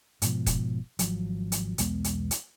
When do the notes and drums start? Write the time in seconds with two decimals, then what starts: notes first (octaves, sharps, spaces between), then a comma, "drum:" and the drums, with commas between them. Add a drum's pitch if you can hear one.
0.22 G#2 B2 F3, drum: hi-hat
0.46 drum: kick, hi-hat
0.99 G#1 F3 F#3, drum: hi-hat
1.52 drum: hi-hat
1.78 B1 E2 G#3 B3, drum: hi-hat
2.04 drum: hi-hat
2.31 drum: hi-hat